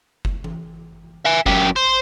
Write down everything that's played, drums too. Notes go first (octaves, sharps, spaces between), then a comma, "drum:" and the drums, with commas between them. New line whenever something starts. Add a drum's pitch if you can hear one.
drum: kick F#1
drum: tom E3
E5 G#5
F#2 G4, drum: kick F#1
C5